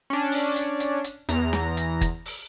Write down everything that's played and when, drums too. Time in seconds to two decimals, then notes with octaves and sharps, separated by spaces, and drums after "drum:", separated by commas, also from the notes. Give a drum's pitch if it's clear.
0.10 C#4 D4
0.32 drum: open hi-hat
0.56 drum: hi-hat
0.80 drum: hi-hat
1.04 drum: hi-hat
1.29 E2 A#5, drum: hi-hat
1.53 drum: snare
1.77 drum: hi-hat
2.01 drum: kick, hi-hat
2.26 drum: open hi-hat